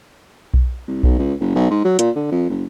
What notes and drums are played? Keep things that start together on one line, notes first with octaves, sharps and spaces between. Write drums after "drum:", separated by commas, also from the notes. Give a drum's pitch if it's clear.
drum: kick B1
C2
B1, drum: kick B1
C#2
F#1
B1
G#2
F#3
A#2, drum: hi-hat
D3
F2
F#1